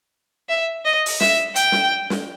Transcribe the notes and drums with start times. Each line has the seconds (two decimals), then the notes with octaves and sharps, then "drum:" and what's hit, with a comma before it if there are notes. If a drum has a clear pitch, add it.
0.49 E5
0.85 D#5
1.06 drum: open hi-hat
1.20 E5, drum: snare
1.56 G5, drum: hi-hat
1.72 drum: snare
2.10 drum: snare